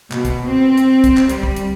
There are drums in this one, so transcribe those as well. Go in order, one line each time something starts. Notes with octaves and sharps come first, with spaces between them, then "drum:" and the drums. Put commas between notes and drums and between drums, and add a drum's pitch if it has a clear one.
B2, drum: clap
drum: kick, hi-hat
C4
drum: hi-hat
drum: kick, hi-hat
drum: clap
G3, drum: hi-hat
drum: kick
drum: hi-hat